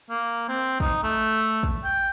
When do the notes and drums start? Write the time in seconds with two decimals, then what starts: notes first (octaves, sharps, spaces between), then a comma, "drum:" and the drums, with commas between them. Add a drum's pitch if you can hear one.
0.10 A#3
0.49 C4
0.80 D#4, drum: kick
1.03 A3
1.63 drum: kick
1.84 G5